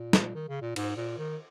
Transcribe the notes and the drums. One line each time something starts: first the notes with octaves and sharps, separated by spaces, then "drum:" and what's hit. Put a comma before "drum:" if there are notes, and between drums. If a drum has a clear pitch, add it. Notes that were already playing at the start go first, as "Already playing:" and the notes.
Already playing: A#2
drum: snare
D#3
C#3
A#2
G#2, drum: cymbal
A#2
D#3